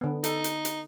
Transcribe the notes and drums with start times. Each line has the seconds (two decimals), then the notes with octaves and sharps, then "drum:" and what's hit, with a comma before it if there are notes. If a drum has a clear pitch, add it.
0.01 D3 B3
0.24 D#4 A4, drum: hi-hat
0.44 drum: hi-hat
0.65 drum: hi-hat